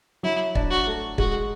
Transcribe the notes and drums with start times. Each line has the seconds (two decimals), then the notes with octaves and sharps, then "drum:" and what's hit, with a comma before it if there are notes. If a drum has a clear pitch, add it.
0.23 F#3 E4
0.55 D4, drum: kick
0.70 F#4
0.87 A3
1.18 G#3 F#4, drum: kick